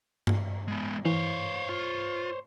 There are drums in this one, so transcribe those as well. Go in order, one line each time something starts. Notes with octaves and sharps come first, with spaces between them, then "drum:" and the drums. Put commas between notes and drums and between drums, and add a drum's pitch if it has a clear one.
drum: tom G2
G#3 B3
E3 C5 C#5 F5
F4